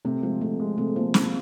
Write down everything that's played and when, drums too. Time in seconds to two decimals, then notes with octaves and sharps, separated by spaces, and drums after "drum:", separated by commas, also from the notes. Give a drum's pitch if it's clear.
0.05 C3 A3
0.22 F3 G#3
0.41 C3 A3
0.60 G#3
0.78 C3 A3
0.96 F3 A#3
1.14 C3, drum: snare